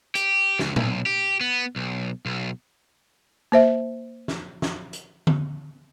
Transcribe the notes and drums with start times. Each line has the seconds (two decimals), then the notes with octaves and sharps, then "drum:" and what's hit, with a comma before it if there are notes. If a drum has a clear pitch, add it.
0.15 G4, drum: hi-hat
0.59 C#2, drum: snare
0.76 B1, drum: tom A#2
1.06 G4
1.41 B3
1.76 B1
2.26 B1
3.52 A#3 C5 E5
4.28 drum: snare
4.62 drum: snare
4.93 drum: hi-hat
5.27 drum: tom D3